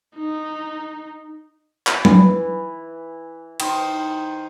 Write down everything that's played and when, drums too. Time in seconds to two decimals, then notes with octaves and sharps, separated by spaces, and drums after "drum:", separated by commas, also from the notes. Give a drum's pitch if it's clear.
0.16 D#4
1.87 drum: clap
2.05 E3, drum: tom F#3
3.60 D#3 C5, drum: cymbal